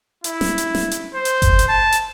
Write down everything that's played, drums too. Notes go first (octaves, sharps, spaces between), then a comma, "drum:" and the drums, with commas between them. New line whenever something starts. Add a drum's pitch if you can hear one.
E4, drum: hi-hat
drum: snare
drum: hi-hat
drum: snare
drum: hi-hat
C5
drum: hi-hat
drum: kick G1, hi-hat
drum: hi-hat
A5
drum: hi-hat